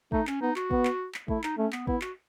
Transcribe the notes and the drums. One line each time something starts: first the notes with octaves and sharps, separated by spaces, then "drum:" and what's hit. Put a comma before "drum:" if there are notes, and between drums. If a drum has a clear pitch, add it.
A3 D#4, drum: kick
C#4, drum: clap
B3 D#4
F#4, drum: clap
B3, drum: kick
drum: clap
drum: clap
A3 E4, drum: kick
D#4, drum: clap
A3 C#4
B3, drum: clap
B3 E4, drum: kick
F#4, drum: clap